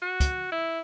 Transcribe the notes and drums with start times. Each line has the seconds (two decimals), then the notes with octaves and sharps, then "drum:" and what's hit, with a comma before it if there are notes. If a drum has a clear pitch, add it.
0.02 F#4
0.20 drum: kick, hi-hat
0.52 E4